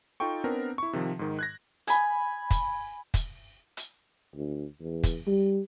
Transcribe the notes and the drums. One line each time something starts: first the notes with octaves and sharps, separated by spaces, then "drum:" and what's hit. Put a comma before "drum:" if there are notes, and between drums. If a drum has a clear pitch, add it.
D#4 F4 A4 G5 C#6
B3 C4 D4 A#4
E4 C#6
C3 D#3 F3
G#2 D#3
F#6 G#6 A#6
G#5 B5, drum: hi-hat
drum: kick, hi-hat
drum: kick, hi-hat
drum: hi-hat
D2
E2
drum: kick, hi-hat
G3